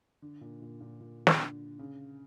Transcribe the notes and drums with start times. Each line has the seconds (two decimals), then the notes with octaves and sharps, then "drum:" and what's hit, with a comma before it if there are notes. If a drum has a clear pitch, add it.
0.22 D3
0.41 A#2
0.62 A#2
0.81 A#2
1.01 A#2
1.27 drum: snare
1.40 D3
1.79 C#3